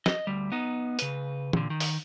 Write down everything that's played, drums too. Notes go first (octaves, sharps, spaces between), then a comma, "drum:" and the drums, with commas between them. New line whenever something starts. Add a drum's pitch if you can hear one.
D#5, drum: snare
D2 G3
B3 D#4
C#3 B4, drum: hi-hat
A#2 D3, drum: tom
D#3
drum: open hi-hat